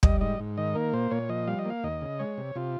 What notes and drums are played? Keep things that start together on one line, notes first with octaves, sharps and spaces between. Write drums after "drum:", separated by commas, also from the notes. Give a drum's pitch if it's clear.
G3 D#5, drum: kick
G#2 D#5
G#2
D#3 D#5
A#3 A#4
A#2 C5
A#2 C#5
F3 D#5
G3 F5
D#5
A#3 F5
D#2 D#5
C#3
G#3 C#5
C3
C3 F4